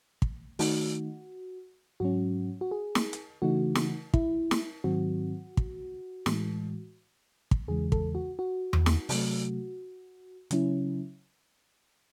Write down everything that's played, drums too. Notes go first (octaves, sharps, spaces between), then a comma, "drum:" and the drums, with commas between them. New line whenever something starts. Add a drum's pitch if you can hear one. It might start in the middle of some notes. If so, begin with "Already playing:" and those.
drum: kick
D#3 A3 D#4 F#4, drum: open hi-hat
G#2 F#3 C#4 F#4
F#4
G#4
drum: snare
drum: hi-hat
C#3 E3 A3 D#4 F#4
drum: snare
E4, drum: kick
drum: snare
G#2 D#3 F#3 C4 F#4
drum: kick
A2 E3 G#3, drum: snare
drum: kick
E2 C#3 E3 G#3 G#4
A4, drum: kick
F#4
F#4
drum: tom E2
drum: snare
C3 F#3 A3, drum: open hi-hat
C#3 F#3 C#4 E4, drum: hi-hat